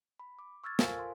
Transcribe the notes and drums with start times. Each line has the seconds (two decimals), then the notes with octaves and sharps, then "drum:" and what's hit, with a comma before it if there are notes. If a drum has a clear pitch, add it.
0.20 B5
0.39 D6
0.64 C#6 E6 F6 G#6 A6
0.79 F4 A4 A#4 C5 F5 G#5, drum: snare
0.99 C6